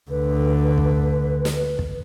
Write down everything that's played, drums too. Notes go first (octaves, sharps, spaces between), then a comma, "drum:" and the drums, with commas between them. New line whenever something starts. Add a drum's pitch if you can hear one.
D2 D3 B4
drum: kick
drum: snare
drum: kick